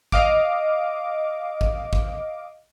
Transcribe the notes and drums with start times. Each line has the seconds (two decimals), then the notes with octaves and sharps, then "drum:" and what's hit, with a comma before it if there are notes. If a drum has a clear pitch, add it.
0.12 D#5 F5 D6, drum: kick
1.61 drum: kick
1.93 drum: kick